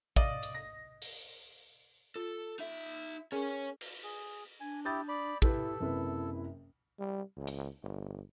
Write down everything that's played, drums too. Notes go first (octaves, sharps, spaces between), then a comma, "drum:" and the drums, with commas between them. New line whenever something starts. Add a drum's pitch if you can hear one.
D5 D#5 F5, drum: kick
drum: hi-hat
A#6
drum: open hi-hat
F4 A4
D#4 E5
C#4 G#4 A#4 C#5 G#5
drum: cymbal
G#4
D4 G#5
E4 G4 D#6 G6 A6
D5 B5
E4 G4 A4 B4, drum: kick
F#1 C3 E4 B4
G3
C#2
drum: hi-hat
G1